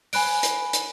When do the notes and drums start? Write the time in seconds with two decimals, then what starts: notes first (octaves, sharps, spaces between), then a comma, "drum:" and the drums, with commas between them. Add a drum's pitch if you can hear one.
0.13 G#5 B5 F#6 D7, drum: open hi-hat
0.43 drum: hi-hat
0.73 drum: hi-hat